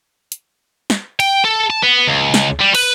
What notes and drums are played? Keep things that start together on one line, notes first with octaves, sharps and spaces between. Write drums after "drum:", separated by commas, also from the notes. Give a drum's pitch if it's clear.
drum: hi-hat
drum: snare
G5, drum: cymbal
A4
A5
B3
C#2
drum: snare
G3
B4, drum: cymbal